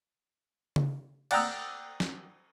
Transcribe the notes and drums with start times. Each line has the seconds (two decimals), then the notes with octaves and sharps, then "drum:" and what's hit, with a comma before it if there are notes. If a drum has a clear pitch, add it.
0.76 drum: tom C#3
1.31 D5 F#5 G5 A#5 D#6 E6, drum: cymbal
2.00 drum: snare